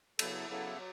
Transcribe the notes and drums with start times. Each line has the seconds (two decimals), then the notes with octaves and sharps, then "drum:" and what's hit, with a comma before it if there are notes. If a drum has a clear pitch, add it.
0.19 C#3 F#3 B3 E4 A4, drum: cymbal
0.48 C#3 F#3 B3 E4 A4
0.77 F#3